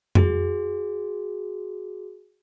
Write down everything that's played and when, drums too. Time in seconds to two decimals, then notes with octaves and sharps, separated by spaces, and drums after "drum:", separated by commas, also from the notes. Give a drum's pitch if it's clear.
0.15 F#4 G#4, drum: tom F2